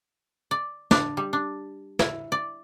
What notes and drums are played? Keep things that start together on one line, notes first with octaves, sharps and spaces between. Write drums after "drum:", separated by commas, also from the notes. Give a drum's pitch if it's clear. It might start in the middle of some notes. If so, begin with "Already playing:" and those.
D5
D4, drum: snare
G3
D4
E4, drum: snare
D5